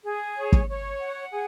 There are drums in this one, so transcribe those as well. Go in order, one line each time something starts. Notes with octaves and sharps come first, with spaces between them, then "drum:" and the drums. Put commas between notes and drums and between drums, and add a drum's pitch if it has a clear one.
G#4
C#5
drum: kick
C#5
F#5
G#4